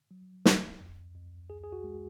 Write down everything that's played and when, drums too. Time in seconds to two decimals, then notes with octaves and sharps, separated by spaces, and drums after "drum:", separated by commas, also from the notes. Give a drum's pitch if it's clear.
0.11 F#3
0.45 C#2, drum: snare
0.81 F2
1.15 F2
1.50 C#2 G#4
1.64 G#4
1.72 F#4
1.84 G#3